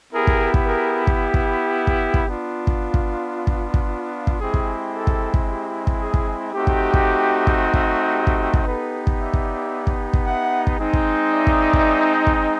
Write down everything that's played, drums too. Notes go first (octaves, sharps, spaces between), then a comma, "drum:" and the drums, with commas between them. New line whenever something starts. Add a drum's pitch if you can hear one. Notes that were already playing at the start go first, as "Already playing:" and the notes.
B3 E4 G4 G#4 A#4
drum: kick
drum: kick
G#4 A#4
drum: kick
drum: kick
drum: kick
drum: kick
B3 D4 F4
drum: kick
drum: kick
drum: kick
drum: kick
drum: kick
G#3 C4 E4 G4 G#4
drum: kick
G4 A4
drum: kick
drum: kick
G4
drum: kick
G#4
drum: kick
A3 C4 D#4 F#4 G4
drum: kick
drum: kick
drum: kick
drum: kick
G4
drum: kick
drum: kick
B3 D#4 G4 A4 B4
drum: kick
D5 E5
drum: kick
drum: kick
drum: kick
E5 F#5
drum: kick
G#3 C4 D#4
drum: kick
D5 E5
drum: kick
drum: kick
drum: kick